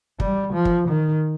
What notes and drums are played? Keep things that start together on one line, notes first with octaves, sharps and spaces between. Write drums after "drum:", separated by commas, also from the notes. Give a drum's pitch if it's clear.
G3, drum: kick
F3
drum: kick
D#3